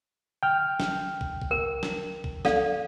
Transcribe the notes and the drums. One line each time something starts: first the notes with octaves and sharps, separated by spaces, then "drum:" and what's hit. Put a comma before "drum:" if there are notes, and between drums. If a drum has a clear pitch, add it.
G5 F6
drum: snare
drum: kick
drum: kick
A#4
drum: snare
drum: kick
A4 D5 F5, drum: snare